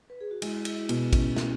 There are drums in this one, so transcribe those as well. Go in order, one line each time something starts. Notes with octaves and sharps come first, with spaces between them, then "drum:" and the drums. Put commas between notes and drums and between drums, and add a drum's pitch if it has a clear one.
B4
G#4
F#4
G#3 E4, drum: cymbal
E4, drum: cymbal
B2, drum: cymbal
C#4, drum: kick A1, cymbal
C#4, drum: snare